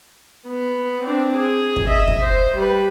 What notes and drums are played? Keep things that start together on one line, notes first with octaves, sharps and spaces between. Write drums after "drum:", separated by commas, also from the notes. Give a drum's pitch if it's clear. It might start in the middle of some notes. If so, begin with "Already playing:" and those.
B3
C4 D4
G#4
drum: kick
D#5 E5
drum: kick
C5
G3 B4